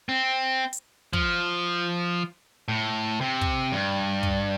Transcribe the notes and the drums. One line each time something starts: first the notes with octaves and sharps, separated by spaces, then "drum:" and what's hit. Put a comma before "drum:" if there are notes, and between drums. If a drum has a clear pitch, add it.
C4
drum: hi-hat
F3, drum: kick
A2
C3
drum: kick
G2
drum: kick